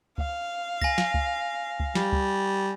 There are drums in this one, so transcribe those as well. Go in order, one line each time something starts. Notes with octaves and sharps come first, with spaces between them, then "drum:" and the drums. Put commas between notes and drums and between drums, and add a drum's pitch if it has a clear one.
F5, drum: kick C#2
G#5 A#6, drum: kick C#2
drum: snare
drum: kick C#2
drum: kick C#2
G3, drum: snare
drum: kick C#2